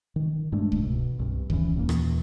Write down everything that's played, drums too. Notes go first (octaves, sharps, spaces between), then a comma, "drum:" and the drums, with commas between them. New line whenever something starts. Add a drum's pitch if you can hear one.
D#3
G2 G#3 A3 D4
drum: kick
B2
C2 G2
E2 D#3 E3 C#4, drum: kick
D#2 A#2 E3 A#3
drum: rim click